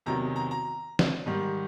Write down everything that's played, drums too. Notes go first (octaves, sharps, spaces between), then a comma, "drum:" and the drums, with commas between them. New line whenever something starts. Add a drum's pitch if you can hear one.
E2 C3 D#3 F#3 A#5
A#5
A#5
drum: snare
G#2 D#3 G3